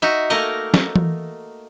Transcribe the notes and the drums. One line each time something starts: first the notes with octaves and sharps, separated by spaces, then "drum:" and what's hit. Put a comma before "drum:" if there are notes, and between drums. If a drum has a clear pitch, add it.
D#4 F#4 E5
A3 A#3 A#4 D#5
drum: snare
drum: tom E3